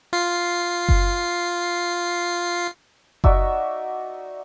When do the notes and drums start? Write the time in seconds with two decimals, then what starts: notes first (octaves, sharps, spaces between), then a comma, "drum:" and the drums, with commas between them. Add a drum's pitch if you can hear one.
0.13 F4 C7
0.89 drum: kick F#1
3.24 D#4 F#4 D5 E5, drum: kick F#1